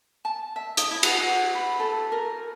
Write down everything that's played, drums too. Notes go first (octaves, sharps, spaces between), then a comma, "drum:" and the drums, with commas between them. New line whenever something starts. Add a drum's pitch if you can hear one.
A5
E5
D#6, drum: hi-hat
E4
F#5, drum: cymbal
F#5
B5
A4
A#4